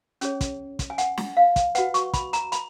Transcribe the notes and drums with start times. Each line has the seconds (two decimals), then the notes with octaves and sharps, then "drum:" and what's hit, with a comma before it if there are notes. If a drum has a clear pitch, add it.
0.21 C#4 G#4 C#5, drum: hi-hat
0.41 drum: kick, hi-hat
0.79 drum: kick, hi-hat
0.90 G#5
0.98 F#5, drum: hi-hat
1.17 drum: snare
1.37 F5
1.56 drum: kick, hi-hat
1.75 F#4 B4 F#5, drum: hi-hat
1.94 C#6, drum: hi-hat
2.14 B5, drum: kick, hi-hat
2.33 A#5, drum: hi-hat
2.52 B5, drum: hi-hat